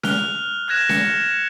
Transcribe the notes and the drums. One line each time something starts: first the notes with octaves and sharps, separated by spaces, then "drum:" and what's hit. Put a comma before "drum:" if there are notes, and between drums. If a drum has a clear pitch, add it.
F6 F#6 F7 G7, drum: snare C#4
F6 F#6 G#6 A#6 E7
C#7, drum: snare C#4